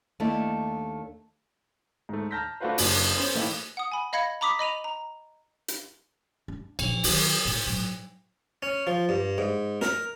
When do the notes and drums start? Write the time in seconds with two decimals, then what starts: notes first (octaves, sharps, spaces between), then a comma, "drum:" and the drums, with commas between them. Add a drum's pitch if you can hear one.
0.20 D#2 A3 D4 E4 A4
2.09 G#2 A3
2.31 A5 A#5 F6 G6 A#6 B6
2.60 A3 D4 F4 F#4 B4 C5
2.78 F#1 D4, drum: open hi-hat
3.14 B3 C#4 C5
3.34 A2 E3 A3 A#3 D#4 E4
3.77 F#5 D#6
3.92 G#5 B5
4.13 D#5 F5 B5 G#6 A#6 C#7
4.41 A#5 B5 D6 D#6 B6
4.59 D#5 B5 D#7 F7
4.84 A#5
5.68 drum: hi-hat
6.48 D4
6.79 A#2 F3, drum: cymbal
7.04 D#3 F#3, drum: open hi-hat
7.45 A2
7.66 A2 F#3
8.63 C#4
8.87 F3
9.09 G2
9.38 G#2
9.81 A#4, drum: snare